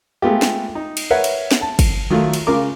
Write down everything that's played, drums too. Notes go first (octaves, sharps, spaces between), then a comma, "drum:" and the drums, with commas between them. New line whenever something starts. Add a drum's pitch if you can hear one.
G#3 A3 B3 F4 G4
drum: snare
D#4
drum: cymbal
A#4 B4 C#5 E5 F#5
drum: cymbal
drum: snare
A5
drum: kick, cymbal
D#3 F#3 A3 F4
drum: cymbal
C#3 F4 A#4 D6